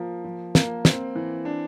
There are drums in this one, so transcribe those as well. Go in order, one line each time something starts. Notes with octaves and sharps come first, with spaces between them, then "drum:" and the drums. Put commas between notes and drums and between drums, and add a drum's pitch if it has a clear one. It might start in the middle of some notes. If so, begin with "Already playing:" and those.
Already playing: F3 A#3
F3
A#3, drum: snare
C4, drum: snare
E3
D4